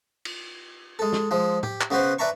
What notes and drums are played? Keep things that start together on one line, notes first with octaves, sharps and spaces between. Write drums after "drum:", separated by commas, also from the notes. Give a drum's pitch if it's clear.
drum: cymbal
G#3 A4
drum: snare
F3 G#3
G4, drum: tom
drum: clap
C#3 B3 F#4 B4 C5
B4 D5 E5 A5 A#5 C#6